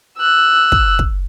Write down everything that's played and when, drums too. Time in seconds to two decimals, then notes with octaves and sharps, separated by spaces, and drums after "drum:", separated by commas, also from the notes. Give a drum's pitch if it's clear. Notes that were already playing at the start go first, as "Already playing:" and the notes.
0.18 E6 F#6
0.72 drum: kick
0.99 drum: kick